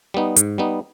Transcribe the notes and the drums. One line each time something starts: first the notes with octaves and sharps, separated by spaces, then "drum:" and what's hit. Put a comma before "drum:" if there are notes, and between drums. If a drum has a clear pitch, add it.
G3 B3 D#4
G#2, drum: hi-hat
G3 B3 D#4